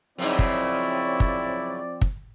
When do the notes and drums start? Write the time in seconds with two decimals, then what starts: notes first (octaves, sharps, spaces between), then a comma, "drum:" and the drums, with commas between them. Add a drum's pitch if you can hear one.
0.18 F#2 C#3 F3 C4 D#4 E4 D5
0.39 drum: kick
1.20 drum: kick
2.01 drum: kick